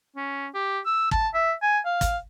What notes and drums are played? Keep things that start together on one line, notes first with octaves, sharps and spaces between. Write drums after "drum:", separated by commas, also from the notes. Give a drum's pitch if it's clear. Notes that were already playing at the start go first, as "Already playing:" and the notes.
C#4
G4
E6
A5, drum: kick
E5
G#5
F5
drum: kick, hi-hat